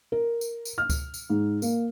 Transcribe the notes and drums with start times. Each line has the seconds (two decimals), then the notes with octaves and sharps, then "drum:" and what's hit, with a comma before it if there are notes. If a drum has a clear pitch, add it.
0.12 A#4
0.41 drum: tambourine
0.65 drum: tambourine
0.78 F6
0.90 drum: kick C#2, tambourine
1.14 drum: tambourine
1.30 G#2
1.62 A#3, drum: tambourine